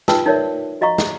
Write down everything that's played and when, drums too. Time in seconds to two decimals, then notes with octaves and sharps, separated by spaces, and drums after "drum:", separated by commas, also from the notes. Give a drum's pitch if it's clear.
0.08 D#4 F4 B4 G5 A5 E6, drum: snare
0.26 D#4 A#4 C#5 D5 E5
0.81 F#4 D#5 F5 A#5 C#6
0.98 drum: snare